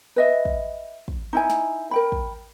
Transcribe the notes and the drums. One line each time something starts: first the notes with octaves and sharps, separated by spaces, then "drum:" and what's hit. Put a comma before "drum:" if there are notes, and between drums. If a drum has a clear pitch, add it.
B4 D#5 E5
drum: kick
drum: kick
D#4 E4 G#5
drum: snare
A#4 G5 B5
drum: kick